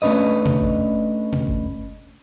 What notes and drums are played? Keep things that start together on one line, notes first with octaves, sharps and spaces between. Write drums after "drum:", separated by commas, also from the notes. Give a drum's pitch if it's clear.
A3 C#4 D4 B4 D#5
drum: tom B2
drum: kick G1
drum: tom B2
drum: kick G1